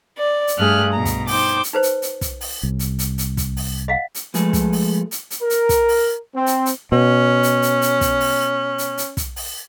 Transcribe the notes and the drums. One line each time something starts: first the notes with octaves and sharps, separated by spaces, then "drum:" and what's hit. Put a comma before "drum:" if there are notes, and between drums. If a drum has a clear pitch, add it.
D5
drum: hi-hat
G2 A3 G#4 F6 F#6
B2 A#5
drum: kick, hi-hat
D#4 C5 G5 D6, drum: open hi-hat
drum: hi-hat
D#4 B4 C5
drum: hi-hat
drum: hi-hat
drum: kick, hi-hat
drum: open hi-hat
C2
drum: hi-hat
drum: hi-hat
drum: hi-hat
drum: kick, hi-hat
drum: open hi-hat
D#5 F5 F#5
drum: hi-hat
F3 G#3 A3 G#4 A4 B4, drum: hi-hat
drum: kick, hi-hat
drum: open hi-hat
drum: hi-hat
drum: hi-hat
A#4
drum: hi-hat
drum: kick, hi-hat
drum: open hi-hat
C4
drum: hi-hat
drum: hi-hat
B2 C#4
drum: hi-hat
drum: hi-hat
drum: hi-hat
drum: kick, hi-hat
drum: open hi-hat
drum: hi-hat
drum: hi-hat
drum: kick, hi-hat
drum: open hi-hat